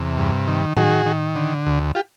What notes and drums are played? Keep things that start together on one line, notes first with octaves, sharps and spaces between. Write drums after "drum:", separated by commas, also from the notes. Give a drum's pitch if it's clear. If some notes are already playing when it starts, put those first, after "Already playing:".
Already playing: E2 C3
G2
D#3
D#3 F#4 G#4, drum: tom A2
D#3
D3
D2
F4 G4